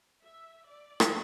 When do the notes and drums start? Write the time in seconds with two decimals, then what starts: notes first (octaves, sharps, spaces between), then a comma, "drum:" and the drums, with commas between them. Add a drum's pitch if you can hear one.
0.23 E5
0.67 D5
1.00 drum: rim click